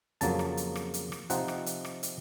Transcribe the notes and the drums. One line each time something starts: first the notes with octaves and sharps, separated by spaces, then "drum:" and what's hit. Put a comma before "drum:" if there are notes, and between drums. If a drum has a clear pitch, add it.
F2 C#3 F#3 A#3 A5, drum: hi-hat
drum: rim click
drum: hi-hat
drum: rim click
drum: hi-hat
drum: rim click
C3 F3 C4 D#4 F#5, drum: hi-hat
drum: rim click
drum: hi-hat
drum: rim click
drum: hi-hat